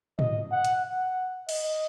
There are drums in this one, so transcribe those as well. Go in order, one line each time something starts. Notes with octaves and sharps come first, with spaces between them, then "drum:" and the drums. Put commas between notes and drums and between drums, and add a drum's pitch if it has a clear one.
D#5, drum: tom
F#5
drum: hi-hat
F#5
D#5, drum: cymbal